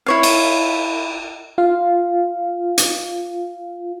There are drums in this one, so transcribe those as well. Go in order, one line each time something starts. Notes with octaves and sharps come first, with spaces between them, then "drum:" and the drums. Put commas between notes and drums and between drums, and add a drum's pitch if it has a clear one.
E4 C#5 F5
drum: cymbal
F4 F5
drum: hi-hat